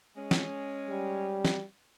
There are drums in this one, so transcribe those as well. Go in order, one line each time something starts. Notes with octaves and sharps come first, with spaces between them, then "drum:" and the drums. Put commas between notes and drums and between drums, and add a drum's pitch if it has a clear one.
G#3 C#4
drum: snare
G3
drum: snare